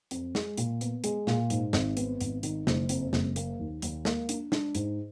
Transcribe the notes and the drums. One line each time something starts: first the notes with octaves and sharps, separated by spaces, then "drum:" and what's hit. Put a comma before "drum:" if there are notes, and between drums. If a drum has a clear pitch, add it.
F2, drum: hi-hat
G#3, drum: snare
A#2, drum: hi-hat
B3, drum: hi-hat
G#3, drum: hi-hat
A#2, drum: snare
G#2, drum: hi-hat
G#1, drum: snare
B3, drum: hi-hat
G#1, drum: hi-hat
D#3, drum: hi-hat
F#1, drum: snare
F2, drum: hi-hat
F#1, drum: snare
A#3, drum: hi-hat
D#2
D#2, drum: hi-hat
A#3, drum: snare
D4, drum: hi-hat
D4, drum: snare
G#2, drum: hi-hat